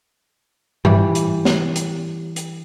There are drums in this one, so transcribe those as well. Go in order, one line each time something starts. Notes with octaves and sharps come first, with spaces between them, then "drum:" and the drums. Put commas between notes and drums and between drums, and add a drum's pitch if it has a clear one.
E3 G3, drum: tom G2
drum: hi-hat
drum: snare
drum: hi-hat
drum: hi-hat